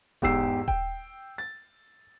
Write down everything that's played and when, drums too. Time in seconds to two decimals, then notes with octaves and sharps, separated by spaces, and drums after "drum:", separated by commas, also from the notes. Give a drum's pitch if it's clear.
0.22 E2 G#2 G4 E6 C7, drum: kick D#1
0.68 G5, drum: kick D#1
1.38 A6